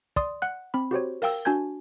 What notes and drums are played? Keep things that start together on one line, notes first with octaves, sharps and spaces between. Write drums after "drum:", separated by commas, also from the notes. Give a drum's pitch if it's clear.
D5 C6 D#6, drum: kick
F#5 F#6
C4 B5
F#4 G4 C5 C#5
A#4 F5 G5 E6, drum: open hi-hat
D4 F#4 G#5 A5 G6 G#6